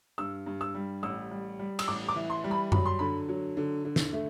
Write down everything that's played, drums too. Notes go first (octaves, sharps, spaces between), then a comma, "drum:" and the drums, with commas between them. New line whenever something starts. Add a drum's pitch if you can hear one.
G2 E6
G2
E6
G3
A1 E6
G3
G3
E6, drum: cymbal
A1 D6
D6
E3
C6
G3
B5
F#3 B5, drum: tom F#2
C6
D3 B5
F#3
D3
D3
drum: snare
A3